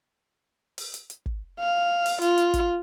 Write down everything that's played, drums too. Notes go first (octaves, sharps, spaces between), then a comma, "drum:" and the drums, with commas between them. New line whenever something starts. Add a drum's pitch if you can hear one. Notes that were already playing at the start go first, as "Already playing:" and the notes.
drum: open hi-hat
drum: hi-hat
drum: hi-hat
drum: kick
F5
drum: open hi-hat
F4, drum: hi-hat
drum: hi-hat
drum: kick, hi-hat